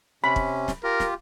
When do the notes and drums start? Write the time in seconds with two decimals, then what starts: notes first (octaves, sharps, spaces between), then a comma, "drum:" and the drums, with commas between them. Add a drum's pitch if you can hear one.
0.24 C3 C#4 B5
0.36 drum: kick
0.68 drum: snare
0.84 F4 G4 A#4
1.00 drum: snare